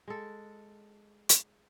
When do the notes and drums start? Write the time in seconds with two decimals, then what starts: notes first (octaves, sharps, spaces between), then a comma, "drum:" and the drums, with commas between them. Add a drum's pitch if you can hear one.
0.08 G#3 A4
1.29 drum: hi-hat